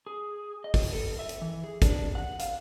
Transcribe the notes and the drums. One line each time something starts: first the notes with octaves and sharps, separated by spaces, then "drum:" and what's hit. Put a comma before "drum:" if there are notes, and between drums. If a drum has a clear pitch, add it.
G#4
D#5
drum: kick, open hi-hat
A4
E5
drum: hi-hat
E3
G#4
D4, drum: kick, hi-hat
F#5
F5, drum: hi-hat